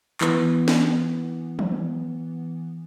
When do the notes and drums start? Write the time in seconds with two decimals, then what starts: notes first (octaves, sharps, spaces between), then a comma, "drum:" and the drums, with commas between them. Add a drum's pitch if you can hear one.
0.21 E3 B3, drum: clap
0.68 drum: snare
1.59 drum: tom E3